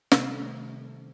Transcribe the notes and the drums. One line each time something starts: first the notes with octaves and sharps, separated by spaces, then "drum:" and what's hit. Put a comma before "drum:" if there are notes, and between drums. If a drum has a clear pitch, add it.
C3 D#3 G3 A3, drum: snare